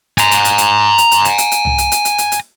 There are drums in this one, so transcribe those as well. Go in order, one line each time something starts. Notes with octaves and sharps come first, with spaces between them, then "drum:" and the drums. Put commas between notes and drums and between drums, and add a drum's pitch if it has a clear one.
G#5 A#5, drum: hi-hat
drum: hi-hat
drum: hi-hat
drum: hi-hat
drum: hi-hat
drum: hi-hat
drum: hi-hat
drum: hi-hat
drum: hi-hat
drum: tom C2
drum: hi-hat
drum: hi-hat
drum: hi-hat
drum: hi-hat
drum: hi-hat